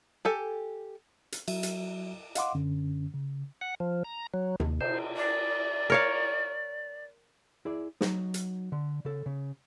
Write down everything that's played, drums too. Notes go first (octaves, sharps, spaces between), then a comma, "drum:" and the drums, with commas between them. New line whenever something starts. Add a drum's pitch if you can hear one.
G4 A4 G#5
drum: hi-hat
F#3 F#4 E5, drum: cymbal
drum: hi-hat
D#5 F5 F#5 C6 D6, drum: hi-hat
F#2 D3 C#4
C#3
F#5
F3
A#5
F#3
D#2, drum: tom C3
C5, drum: cymbal
D5
A#4 C#5 F5
E4 G#4 D5
F#3 D#4, drum: snare
drum: hi-hat
D3
C#3 A4
C#3